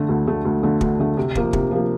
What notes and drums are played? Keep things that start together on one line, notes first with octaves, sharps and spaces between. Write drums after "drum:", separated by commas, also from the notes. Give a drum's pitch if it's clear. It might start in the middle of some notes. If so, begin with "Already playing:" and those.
Already playing: D3 A3
D2
D3 A3
D2
D3 A3
D2, drum: kick
D3 A3
C3
F3 A#3, drum: kick
C3, drum: kick
F3 A#3